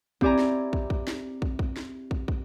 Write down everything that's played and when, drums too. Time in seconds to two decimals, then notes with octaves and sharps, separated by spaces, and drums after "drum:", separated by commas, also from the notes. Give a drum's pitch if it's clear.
0.21 C4 E4 G4 D5 G#5 A#5, drum: kick
0.38 drum: snare
0.73 drum: kick
0.90 drum: kick
1.07 drum: snare
1.42 drum: kick
1.59 drum: kick
1.76 drum: snare
2.11 drum: kick
2.28 drum: kick